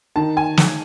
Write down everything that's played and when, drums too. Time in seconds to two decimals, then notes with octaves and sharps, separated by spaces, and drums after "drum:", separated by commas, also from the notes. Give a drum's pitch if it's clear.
0.16 D#3 A5
0.37 G#5
0.57 drum: snare